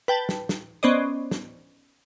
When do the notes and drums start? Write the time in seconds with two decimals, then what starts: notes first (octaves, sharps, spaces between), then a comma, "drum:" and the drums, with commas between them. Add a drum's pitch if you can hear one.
0.08 B4 G5 A5
0.29 drum: snare
0.49 drum: snare
0.83 B3 C#4 C5 D5 D#5
1.31 drum: snare